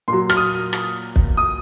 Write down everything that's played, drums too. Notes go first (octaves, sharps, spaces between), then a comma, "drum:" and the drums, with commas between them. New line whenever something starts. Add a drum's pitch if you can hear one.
A#2 F#3 C6
F6, drum: rim click
D#6
drum: rim click
drum: kick
D#6